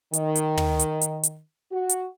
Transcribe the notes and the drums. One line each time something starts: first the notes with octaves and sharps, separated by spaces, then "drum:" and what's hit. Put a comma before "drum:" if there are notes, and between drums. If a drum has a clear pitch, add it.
D#3, drum: hi-hat
drum: hi-hat
drum: tom
drum: hi-hat
drum: hi-hat
drum: hi-hat
F#4
drum: hi-hat